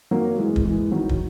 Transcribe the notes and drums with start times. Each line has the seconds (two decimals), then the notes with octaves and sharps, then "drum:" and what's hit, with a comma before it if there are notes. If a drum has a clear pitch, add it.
0.11 F#3 A#3
0.38 E3 G#3
0.56 drum: kick
0.65 E3 G#3
0.91 D#3 F#3
1.09 drum: kick